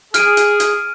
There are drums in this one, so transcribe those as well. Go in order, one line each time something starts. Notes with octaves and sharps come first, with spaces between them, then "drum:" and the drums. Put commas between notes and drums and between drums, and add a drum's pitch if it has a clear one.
G#4 F6 D7 D#7, drum: hi-hat
drum: hi-hat
drum: hi-hat